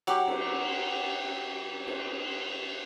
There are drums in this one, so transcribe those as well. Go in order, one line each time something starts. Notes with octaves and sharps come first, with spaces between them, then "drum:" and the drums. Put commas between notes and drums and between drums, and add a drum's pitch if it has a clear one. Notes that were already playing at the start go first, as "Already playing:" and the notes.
F#3 G4, drum: cymbal
drum: cymbal
drum: cymbal